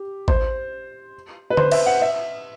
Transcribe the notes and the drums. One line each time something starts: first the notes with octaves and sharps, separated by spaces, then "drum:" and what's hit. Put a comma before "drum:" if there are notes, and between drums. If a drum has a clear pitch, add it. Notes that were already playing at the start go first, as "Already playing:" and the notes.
Already playing: G4
C5, drum: kick A1
B4
C5, drum: tom D3
E5, drum: cymbal
F#5
E5